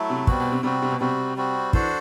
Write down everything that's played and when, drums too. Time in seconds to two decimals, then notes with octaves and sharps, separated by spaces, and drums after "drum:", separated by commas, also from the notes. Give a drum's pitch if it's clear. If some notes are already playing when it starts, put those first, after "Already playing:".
Already playing: F#3 A3 E4
0.10 C3
0.27 B2 G3 C4 F#4, drum: kick
0.40 B2
0.52 C3
0.63 C3 G3 C4 F#4
0.82 C3
0.92 B2
1.00 C3 G3 C4 F#4
1.37 G3 C4 F#4
1.73 E3 D4 F#4 A4 C5, drum: kick